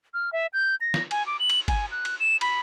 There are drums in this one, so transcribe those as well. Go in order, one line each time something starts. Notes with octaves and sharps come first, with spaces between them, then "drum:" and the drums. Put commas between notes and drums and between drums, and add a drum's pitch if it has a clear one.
F6
E5
G6
A#6
drum: snare
G#5, drum: cymbal
D6
F#7
drum: cymbal
G#5, drum: kick G1, cymbal
F#6
drum: cymbal
E7
B5, drum: cymbal